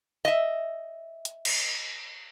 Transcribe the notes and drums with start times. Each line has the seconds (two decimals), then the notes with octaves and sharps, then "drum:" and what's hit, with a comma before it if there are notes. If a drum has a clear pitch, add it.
0.25 D#5 E5
1.25 drum: hi-hat
1.45 drum: cymbal